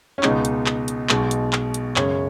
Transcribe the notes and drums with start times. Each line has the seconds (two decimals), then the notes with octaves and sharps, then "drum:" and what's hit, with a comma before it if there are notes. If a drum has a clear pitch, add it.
0.18 C#4
0.23 C#2 B2 G#3 D#4, drum: clap
0.45 drum: hi-hat
0.66 drum: clap
0.88 drum: hi-hat
1.09 B1 B2 G#3, drum: clap
1.31 drum: hi-hat
1.53 drum: clap
1.74 drum: hi-hat
1.96 F#2 C#3 G#3 C#5, drum: clap